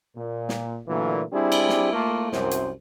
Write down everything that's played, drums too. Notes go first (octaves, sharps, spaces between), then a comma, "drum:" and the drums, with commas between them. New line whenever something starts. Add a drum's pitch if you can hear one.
A#2
drum: snare
A#2 D3 E3 F#3 A3 A#3
G3 C4 D4 E4 G4 G#4
drum: cymbal
drum: snare
A3 A#3 F4
C2 F#2 C5, drum: snare
drum: hi-hat